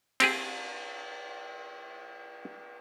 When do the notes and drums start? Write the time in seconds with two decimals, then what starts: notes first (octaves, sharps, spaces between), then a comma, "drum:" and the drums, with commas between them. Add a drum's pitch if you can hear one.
0.20 C4 G4 G#4, drum: cymbal